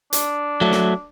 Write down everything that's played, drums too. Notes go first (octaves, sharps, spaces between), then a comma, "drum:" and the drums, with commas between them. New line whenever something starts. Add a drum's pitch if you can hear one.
D4, drum: hi-hat
F#3 A3
drum: snare